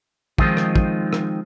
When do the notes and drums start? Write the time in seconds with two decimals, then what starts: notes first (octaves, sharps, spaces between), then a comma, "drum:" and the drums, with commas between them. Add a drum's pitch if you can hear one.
0.38 D#3 F3 G#3 C4 D#4 F4, drum: kick
0.57 drum: rim click
0.76 drum: kick
1.13 drum: rim click